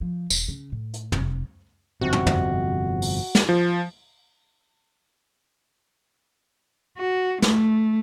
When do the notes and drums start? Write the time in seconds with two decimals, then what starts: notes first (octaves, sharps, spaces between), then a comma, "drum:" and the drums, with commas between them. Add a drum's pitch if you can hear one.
0.01 F3
0.30 E1, drum: tambourine
0.48 C#3
0.72 A2
0.93 drum: hi-hat
1.12 F1, drum: tom
2.01 G1 F2 C3 F#4
2.13 drum: tom
2.27 drum: tom
3.02 drum: open hi-hat
3.35 drum: snare
3.49 F3
6.98 F#4
7.42 A3, drum: snare